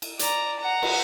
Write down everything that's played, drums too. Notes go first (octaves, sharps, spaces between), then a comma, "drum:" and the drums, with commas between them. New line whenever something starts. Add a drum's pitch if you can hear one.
drum: cymbal
D5 A#5, drum: hi-hat
F#5 A#5
drum: cymbal